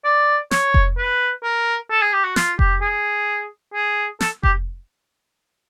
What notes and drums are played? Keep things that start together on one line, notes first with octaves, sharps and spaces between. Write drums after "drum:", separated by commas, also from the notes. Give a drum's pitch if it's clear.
D5
C#5, drum: snare
drum: kick F1
B4
A#4
A4
G#4
G4
F#4
F4, drum: snare
G4, drum: kick F1
G#4
G#4
A4, drum: snare
G4, drum: kick F1